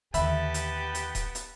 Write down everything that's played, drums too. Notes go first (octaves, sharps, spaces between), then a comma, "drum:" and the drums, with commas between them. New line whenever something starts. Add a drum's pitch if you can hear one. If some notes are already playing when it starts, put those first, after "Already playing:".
D#2 D3 B3 G4 B4 E5 A5 B5, drum: hi-hat
drum: hi-hat
drum: hi-hat
drum: kick D#1, hi-hat
drum: hi-hat